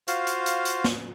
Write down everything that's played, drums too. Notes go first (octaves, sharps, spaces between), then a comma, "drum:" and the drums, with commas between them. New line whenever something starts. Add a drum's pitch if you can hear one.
F4 F#4 C5 F5, drum: hi-hat
drum: hi-hat
drum: hi-hat
drum: hi-hat
drum: snare